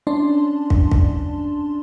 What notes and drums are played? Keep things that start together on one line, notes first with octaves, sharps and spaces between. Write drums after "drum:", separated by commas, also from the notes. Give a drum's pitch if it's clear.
C#4 D4 D5 A5 C6
drum: kick
drum: kick